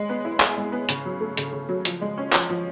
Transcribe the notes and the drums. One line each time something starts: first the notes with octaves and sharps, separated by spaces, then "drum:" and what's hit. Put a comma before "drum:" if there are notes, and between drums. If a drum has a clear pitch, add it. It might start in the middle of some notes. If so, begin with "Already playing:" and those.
Already playing: G#3
B3
E4
G#4, drum: clap
G#3
B3
C#3, drum: hi-hat
F#3
A3
C#3, drum: hi-hat
C#3
F#3
F3, drum: hi-hat
G#3
C#4
F3, drum: clap
F3